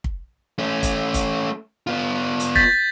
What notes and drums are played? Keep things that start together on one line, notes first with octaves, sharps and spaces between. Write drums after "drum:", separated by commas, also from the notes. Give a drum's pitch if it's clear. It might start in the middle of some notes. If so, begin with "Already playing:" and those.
drum: kick
A3 C#4
drum: kick, hi-hat
drum: kick, hi-hat
B3 F4
drum: hi-hat
G6 A6 B6, drum: kick